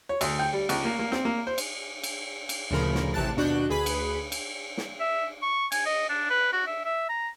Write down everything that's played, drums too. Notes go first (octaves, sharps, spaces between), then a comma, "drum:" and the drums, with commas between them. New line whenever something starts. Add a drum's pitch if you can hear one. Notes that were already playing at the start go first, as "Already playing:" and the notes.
C#5
D2, drum: cymbal
G5
G3
C#2, drum: cymbal
A#3
A#3
C4, drum: snare
A#3
C5
drum: cymbal
drum: cymbal
drum: cymbal
D2 A#2 C#3 F3 A#4 B5
drum: snare
A1 C3 A5 F#6 A6
D#2 B2 D4 F#4 F#6 G6
D2 G#4 B4 B5
drum: cymbal
drum: cymbal
drum: snare
E5
C#6
G#5, drum: cymbal
D#5
D4
B4
F#4
E5
E5
A#5